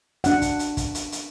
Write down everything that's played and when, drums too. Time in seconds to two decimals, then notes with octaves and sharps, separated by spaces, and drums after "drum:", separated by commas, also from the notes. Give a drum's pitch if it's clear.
0.24 D4 F#5, drum: hi-hat
0.42 drum: kick, hi-hat
0.59 drum: hi-hat
0.77 drum: kick, hi-hat
0.95 drum: hi-hat
1.12 drum: hi-hat